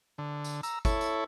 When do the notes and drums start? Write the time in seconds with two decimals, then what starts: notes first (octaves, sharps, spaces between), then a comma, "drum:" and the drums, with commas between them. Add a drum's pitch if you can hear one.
0.18 D3
0.44 drum: tambourine
0.63 A#5 E6, drum: tambourine
0.85 E4 A4 C#5, drum: kick G1, tambourine
1.01 drum: tambourine